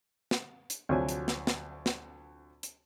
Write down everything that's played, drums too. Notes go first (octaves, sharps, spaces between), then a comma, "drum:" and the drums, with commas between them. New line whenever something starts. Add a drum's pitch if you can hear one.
drum: snare
drum: hi-hat
D2 C3 F3 F#3 G#5
drum: hi-hat
drum: snare
drum: snare
drum: snare
drum: hi-hat